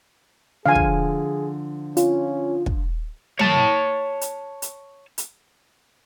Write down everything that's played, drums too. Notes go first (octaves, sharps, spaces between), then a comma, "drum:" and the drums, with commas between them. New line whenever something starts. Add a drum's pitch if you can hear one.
D3 F3 G#4 F5 G#5
drum: kick
C#4 F4, drum: hi-hat
drum: kick
C#5 A5, drum: tom
drum: hi-hat
drum: hi-hat
drum: hi-hat